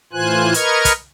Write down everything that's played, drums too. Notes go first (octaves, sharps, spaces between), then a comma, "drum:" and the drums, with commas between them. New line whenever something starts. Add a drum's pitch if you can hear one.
A2 E3 F4 C5 G#5 F#6
A#4 B4 D#5 C#6 F6 G#6, drum: hi-hat
drum: kick, hi-hat